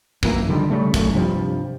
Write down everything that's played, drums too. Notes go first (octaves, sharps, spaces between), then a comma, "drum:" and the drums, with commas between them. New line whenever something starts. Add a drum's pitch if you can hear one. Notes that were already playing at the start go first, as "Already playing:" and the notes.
F1 F#2 E3 A#3, drum: kick
A#1 D3 D#3 G3
C#3 G3 A3
E1 F#2 A3, drum: kick, hi-hat
G2 C3 F3 G3